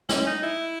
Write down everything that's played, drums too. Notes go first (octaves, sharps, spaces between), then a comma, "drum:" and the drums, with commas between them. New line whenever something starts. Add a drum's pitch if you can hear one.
C#4, drum: snare
D#4
E4